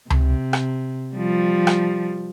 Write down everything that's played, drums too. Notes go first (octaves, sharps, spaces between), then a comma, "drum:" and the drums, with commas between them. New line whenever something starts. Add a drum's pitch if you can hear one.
C3, drum: tom C#2
drum: rim click
F3 G3
drum: rim click